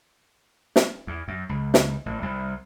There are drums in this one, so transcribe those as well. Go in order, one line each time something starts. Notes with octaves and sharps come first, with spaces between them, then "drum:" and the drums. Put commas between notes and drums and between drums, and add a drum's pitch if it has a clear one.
drum: snare
E2
F#2
C#2
drum: snare
A1
C2